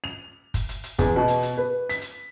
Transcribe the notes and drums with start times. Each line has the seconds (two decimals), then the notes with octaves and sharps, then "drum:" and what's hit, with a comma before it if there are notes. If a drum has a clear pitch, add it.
0.04 F7
0.54 drum: kick F#1, hi-hat
0.69 drum: hi-hat
0.84 drum: hi-hat
0.99 E2, drum: kick F#1, hi-hat
1.16 B2
1.28 drum: hi-hat
1.43 drum: hi-hat
1.57 B4
1.89 B6, drum: hi-hat
2.02 drum: hi-hat